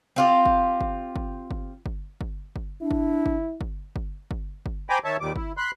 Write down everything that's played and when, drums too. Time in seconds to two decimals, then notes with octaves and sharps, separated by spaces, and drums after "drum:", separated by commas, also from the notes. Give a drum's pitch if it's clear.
0.16 C4 F4 G4
0.46 drum: kick G1
0.81 drum: kick G1
1.16 drum: kick G1
1.51 drum: kick G1
1.86 drum: kick G1
2.21 drum: kick G1
2.56 drum: kick G1
2.82 D4 E4
2.91 drum: kick G1
3.26 drum: kick G1
3.61 drum: kick G1
3.96 drum: kick G1
4.31 drum: kick G1
4.66 drum: kick G1
4.90 C5 G5 G#5 A#5 B5 D6
5.04 D#3 C#5 E5 A5
5.21 D#2 A#2 D#3 G3 D6
5.36 E4, drum: kick G1
5.57 B5 C6 F#6